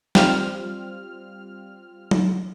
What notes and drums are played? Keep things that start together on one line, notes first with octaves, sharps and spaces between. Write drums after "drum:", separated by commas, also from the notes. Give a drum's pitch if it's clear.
G3 C4 F4 F6, drum: snare
drum: tom F#3